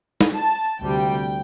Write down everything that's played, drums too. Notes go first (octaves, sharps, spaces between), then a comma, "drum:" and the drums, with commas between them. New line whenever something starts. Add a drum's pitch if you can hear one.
drum: snare
A5
D2 C3 G3 G5